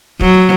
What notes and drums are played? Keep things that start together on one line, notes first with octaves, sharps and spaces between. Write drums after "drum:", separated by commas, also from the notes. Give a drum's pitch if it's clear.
F#3, drum: kick